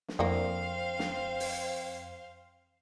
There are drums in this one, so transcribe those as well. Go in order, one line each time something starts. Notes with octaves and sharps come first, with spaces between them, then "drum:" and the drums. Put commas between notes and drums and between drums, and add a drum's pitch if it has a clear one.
drum: snare
F2 D3 E3 A#3 C4 C5 F5
drum: snare
drum: open hi-hat